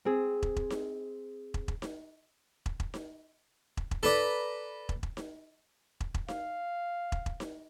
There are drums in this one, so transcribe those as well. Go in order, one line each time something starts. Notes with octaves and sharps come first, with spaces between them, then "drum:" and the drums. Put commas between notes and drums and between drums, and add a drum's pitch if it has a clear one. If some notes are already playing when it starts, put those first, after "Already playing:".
C4 G#4
drum: kick
drum: kick
drum: snare D#4
drum: kick
drum: kick
drum: snare D#4
drum: kick
drum: kick
drum: snare D#4
drum: kick
drum: kick
A4 B4 D5 A#5, drum: snare D#4
drum: kick
drum: kick
drum: snare D#4
drum: kick
drum: kick
F5, drum: snare D#4
drum: kick
drum: kick
drum: snare D#4